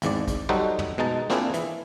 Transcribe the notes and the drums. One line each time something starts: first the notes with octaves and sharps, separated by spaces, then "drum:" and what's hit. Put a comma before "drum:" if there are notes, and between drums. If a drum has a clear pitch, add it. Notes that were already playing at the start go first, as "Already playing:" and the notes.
G#1 E2 G#2 D5, drum: hi-hat
drum: kick A#1, hi-hat
F#3 G3 D#4 F#4 A4 C5
drum: tom
B2 G#3 D#4 A5
A#3 C4 D4 E4 F4 G#4, drum: snare
E3, drum: hi-hat